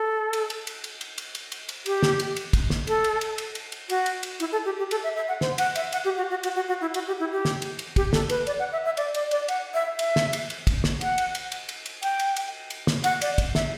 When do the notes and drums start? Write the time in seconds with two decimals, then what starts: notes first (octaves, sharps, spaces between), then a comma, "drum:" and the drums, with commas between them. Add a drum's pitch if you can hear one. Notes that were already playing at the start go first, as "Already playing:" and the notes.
Already playing: A4
0.33 drum: cymbal
0.50 drum: cymbal
0.67 drum: cymbal
0.84 drum: cymbal
1.01 drum: cymbal
1.18 drum: cymbal
1.35 drum: cymbal
1.52 drum: cymbal
1.69 drum: cymbal
1.86 G4, drum: cymbal
2.03 drum: snare
2.20 drum: cymbal
2.36 drum: cymbal
2.53 drum: kick, cymbal
2.70 drum: snare
2.87 A4, drum: cymbal
3.04 drum: cymbal
3.21 drum: cymbal
3.38 drum: cymbal
3.55 drum: cymbal
3.72 drum: cymbal
3.90 F#4, drum: cymbal
4.06 drum: cymbal
4.23 drum: cymbal
4.40 E4, drum: cymbal
4.52 A4
4.65 G4
4.78 G4
4.91 A4, drum: cymbal
5.04 E5
5.16 E5
5.28 F#5
5.41 C5, drum: snare
5.58 F#5, drum: cymbal
5.75 E5, drum: cymbal
5.92 F#5, drum: cymbal
6.04 G4
6.18 F#4
6.30 F#4
6.43 F#4, drum: cymbal
6.56 F#4
6.68 F#4
6.81 E4
6.94 F#4, drum: cymbal
7.07 G4
7.20 E4
7.32 G4
7.45 drum: snare
7.62 drum: cymbal
7.79 drum: cymbal
7.96 G4, drum: kick, cymbal
8.13 A4, drum: snare
8.29 B4, drum: cymbal
8.47 D5, drum: cymbal
8.59 F#5
8.72 E5
8.85 E5
8.97 D5, drum: cymbal
9.14 D5, drum: cymbal
9.31 D5, drum: cymbal
9.48 F#5, drum: cymbal
9.74 E5
9.99 E5, drum: cymbal
10.16 drum: snare
10.33 drum: cymbal
10.50 drum: cymbal
10.67 drum: kick, cymbal
10.84 drum: snare
11.01 F#5, drum: cymbal
11.18 drum: cymbal
11.35 drum: cymbal
11.52 drum: cymbal
11.69 drum: cymbal
11.86 drum: cymbal
12.03 G5, drum: cymbal
12.19 drum: cymbal
12.36 drum: cymbal
12.70 drum: cymbal
12.87 drum: snare
13.04 F#5, drum: cymbal
13.21 D5, drum: cymbal
13.38 drum: kick, cymbal
13.55 E5, drum: snare